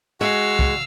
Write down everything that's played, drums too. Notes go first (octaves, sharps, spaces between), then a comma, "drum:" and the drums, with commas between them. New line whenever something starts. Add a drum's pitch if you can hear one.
G#3 F#4 F5 E6
drum: kick